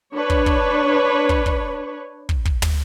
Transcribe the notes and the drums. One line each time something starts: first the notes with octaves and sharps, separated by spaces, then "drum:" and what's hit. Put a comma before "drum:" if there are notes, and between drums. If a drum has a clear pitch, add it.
D4 B4 C#5
drum: kick
drum: kick
drum: kick
drum: kick
drum: kick
drum: kick
drum: tom